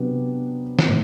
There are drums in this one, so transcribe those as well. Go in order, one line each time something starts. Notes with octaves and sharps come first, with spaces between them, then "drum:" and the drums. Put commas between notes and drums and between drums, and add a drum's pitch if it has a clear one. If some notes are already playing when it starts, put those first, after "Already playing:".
Already playing: C3 F#3 B3 D4
drum: snare
A2